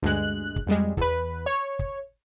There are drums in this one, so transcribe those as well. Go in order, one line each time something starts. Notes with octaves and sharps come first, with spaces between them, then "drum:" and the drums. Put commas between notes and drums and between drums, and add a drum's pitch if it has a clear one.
D2 G2 G#3 F#6
drum: kick
F2 G3 G#3
E2 B4, drum: kick
C#5
drum: kick